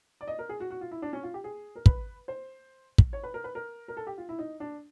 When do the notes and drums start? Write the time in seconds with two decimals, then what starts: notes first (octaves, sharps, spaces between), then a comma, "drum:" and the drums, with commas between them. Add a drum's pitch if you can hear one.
0.21 D5
0.28 D#5
0.39 A#4
0.49 G#4
0.60 F#4
0.71 F#4
0.81 F4
0.91 E4
1.02 D4
1.13 C#4
1.23 F4
1.34 G4
1.44 G#4
1.76 A#4
1.86 B4, drum: kick
2.28 C5
2.98 drum: kick
3.13 C#5
3.23 B4
3.34 A#4
3.44 B4
3.55 A#4
3.88 A#4
3.97 A4
4.07 G4
4.18 F4
4.29 E4
4.39 D#4
4.60 D4